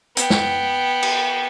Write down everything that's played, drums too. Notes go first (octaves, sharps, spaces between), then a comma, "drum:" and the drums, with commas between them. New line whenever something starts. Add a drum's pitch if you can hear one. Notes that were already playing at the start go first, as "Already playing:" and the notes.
B3 G5, drum: hi-hat
drum: snare
drum: cymbal